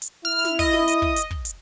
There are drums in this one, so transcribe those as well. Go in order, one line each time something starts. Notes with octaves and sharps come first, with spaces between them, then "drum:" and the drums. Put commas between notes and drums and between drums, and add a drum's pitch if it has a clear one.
drum: hi-hat
E4 F6
drum: snare
D#5, drum: kick, open hi-hat
drum: snare
drum: hi-hat
drum: kick
drum: hi-hat
drum: kick
drum: hi-hat